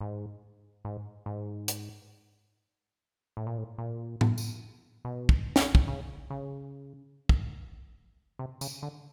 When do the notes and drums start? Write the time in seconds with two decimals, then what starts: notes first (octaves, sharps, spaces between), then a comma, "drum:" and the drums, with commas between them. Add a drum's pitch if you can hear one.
0.01 G#2
0.85 G#2
1.26 G#2
1.68 drum: hi-hat
3.37 A2
3.47 A#2
3.58 A2
3.78 A#2
4.21 drum: tom A2
4.38 drum: tambourine
5.05 B2
5.29 drum: kick
5.56 drum: snare
5.75 drum: kick
5.88 C#3
6.30 C#3
7.29 drum: kick
8.39 C3
8.61 C#3, drum: tambourine
8.82 D3